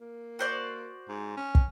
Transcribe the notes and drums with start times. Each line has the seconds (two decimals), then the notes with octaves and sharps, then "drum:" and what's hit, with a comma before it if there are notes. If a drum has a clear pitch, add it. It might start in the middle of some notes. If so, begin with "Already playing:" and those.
0.01 A#3
0.39 F#4 C5 D5
1.09 G#2
1.37 C#4
1.55 drum: kick